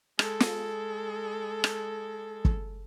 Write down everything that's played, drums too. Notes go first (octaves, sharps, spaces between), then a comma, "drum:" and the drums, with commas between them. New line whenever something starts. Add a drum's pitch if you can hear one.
G#3 A4, drum: rim click
drum: snare
drum: rim click
drum: kick